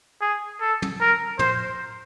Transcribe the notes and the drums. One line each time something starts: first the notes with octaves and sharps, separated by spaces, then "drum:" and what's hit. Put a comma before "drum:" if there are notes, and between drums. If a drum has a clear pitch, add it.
G#4
A4
drum: tom
A#4
C5, drum: tom